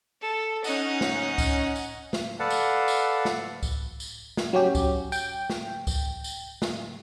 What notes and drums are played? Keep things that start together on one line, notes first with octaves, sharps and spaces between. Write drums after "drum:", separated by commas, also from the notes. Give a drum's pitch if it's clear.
A4
C#4 D#4 D#5 F#5, drum: tambourine
drum: snare
drum: kick C2, tambourine
drum: tambourine
drum: snare
A4 B4 D5 F5 F#5 A5
drum: tambourine
drum: tambourine
drum: snare
drum: kick C2, tambourine
drum: tambourine
drum: snare
F#3 C#4 G4
drum: kick C2, tambourine
G5, drum: tambourine
drum: snare
drum: kick C2, tambourine
drum: tambourine
drum: snare